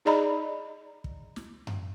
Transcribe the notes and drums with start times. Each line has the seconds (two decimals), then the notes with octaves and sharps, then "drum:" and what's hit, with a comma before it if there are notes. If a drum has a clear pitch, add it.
0.05 D#4 G#4 D5 D#5 A#5 B5
1.04 drum: kick
1.36 drum: snare
1.67 drum: tom F#2